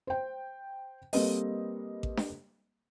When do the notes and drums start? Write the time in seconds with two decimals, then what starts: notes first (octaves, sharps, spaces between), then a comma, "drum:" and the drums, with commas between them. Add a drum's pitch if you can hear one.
0.07 C5 G5
1.13 G3 A#3 C4 A4 B4 D#5, drum: open hi-hat
2.03 drum: kick A1
2.17 drum: snare D4